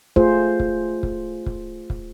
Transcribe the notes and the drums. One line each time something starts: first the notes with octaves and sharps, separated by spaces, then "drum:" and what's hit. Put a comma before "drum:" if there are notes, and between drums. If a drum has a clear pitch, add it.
A3 F4 G#4 C5, drum: kick
drum: kick
drum: kick
drum: kick
drum: kick